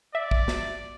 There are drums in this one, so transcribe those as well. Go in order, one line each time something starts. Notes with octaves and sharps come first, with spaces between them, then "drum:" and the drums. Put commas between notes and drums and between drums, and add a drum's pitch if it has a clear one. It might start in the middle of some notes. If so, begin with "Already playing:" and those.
D5 E5
drum: kick
drum: snare